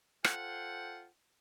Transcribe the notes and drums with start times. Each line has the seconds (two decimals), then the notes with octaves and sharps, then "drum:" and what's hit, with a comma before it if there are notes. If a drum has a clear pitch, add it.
0.24 F4 A4 C5 F#5 G5, drum: rim click